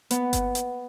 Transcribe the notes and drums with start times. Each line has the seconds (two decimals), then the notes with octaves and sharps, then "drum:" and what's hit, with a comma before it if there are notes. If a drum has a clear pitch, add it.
0.11 B3, drum: hi-hat
0.33 drum: kick G1, hi-hat
0.55 drum: hi-hat